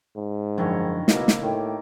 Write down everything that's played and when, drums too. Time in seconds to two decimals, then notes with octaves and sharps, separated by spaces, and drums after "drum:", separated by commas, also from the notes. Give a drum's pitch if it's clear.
0.16 G#2
0.58 F#2 D3 D#3 F3 E4 C#5
1.08 C#2 B2 A#3 E4 A4 D#5, drum: snare
1.28 drum: snare
1.42 A2 D#3 G4